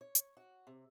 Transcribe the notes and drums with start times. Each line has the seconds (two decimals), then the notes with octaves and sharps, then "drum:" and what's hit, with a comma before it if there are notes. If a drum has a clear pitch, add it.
0.01 C#5
0.15 drum: hi-hat
0.37 F#4
0.67 C3